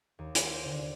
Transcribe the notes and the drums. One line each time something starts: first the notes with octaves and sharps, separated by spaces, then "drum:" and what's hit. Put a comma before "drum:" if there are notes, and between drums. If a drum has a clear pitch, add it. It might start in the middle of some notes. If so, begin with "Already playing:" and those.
D#2
drum: hi-hat
C5
D3